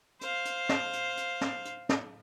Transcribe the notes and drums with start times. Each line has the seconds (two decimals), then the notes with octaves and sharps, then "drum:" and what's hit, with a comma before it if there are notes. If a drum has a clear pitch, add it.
0.21 C5 F5, drum: hi-hat
0.45 drum: hi-hat
0.69 drum: snare
0.93 drum: hi-hat
1.17 drum: hi-hat
1.41 drum: snare
1.65 drum: hi-hat
1.89 drum: snare